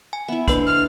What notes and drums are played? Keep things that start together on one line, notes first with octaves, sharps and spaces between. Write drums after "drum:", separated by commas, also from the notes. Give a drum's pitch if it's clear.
G#5
B3 E4 E5
D3 A#3 D4 B4 C5, drum: kick, hi-hat
A5 F6